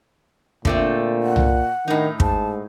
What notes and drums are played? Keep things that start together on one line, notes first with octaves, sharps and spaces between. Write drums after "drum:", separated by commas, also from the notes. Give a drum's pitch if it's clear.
A#2 D3 A3 C4, drum: kick
F#5
drum: tom C2
A2 D#3 D#4
G#2 A5, drum: kick